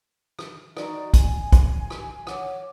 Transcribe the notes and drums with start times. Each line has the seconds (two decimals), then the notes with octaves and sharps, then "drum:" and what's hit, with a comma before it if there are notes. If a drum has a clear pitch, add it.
0.39 drum: rim click
0.77 D#4 F#4 D5, drum: rim click
1.14 G#5, drum: kick, hi-hat
1.52 drum: kick, hi-hat
1.90 drum: rim click
2.27 C#5 F#5 D6, drum: rim click